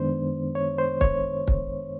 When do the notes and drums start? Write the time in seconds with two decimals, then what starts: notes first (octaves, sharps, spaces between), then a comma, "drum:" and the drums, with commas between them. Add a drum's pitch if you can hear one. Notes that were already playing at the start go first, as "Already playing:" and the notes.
Already playing: F#2 D#3 G#3 B3 D4 C5
0.55 C#5
0.78 C5
1.01 C#5, drum: kick
1.48 drum: kick